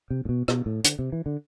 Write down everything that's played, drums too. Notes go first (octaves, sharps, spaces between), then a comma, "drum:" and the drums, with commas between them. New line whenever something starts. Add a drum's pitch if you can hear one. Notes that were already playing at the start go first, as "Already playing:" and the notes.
C3
A2
B2
B2, drum: rim click
A2
D3, drum: hi-hat
C3
E3
D3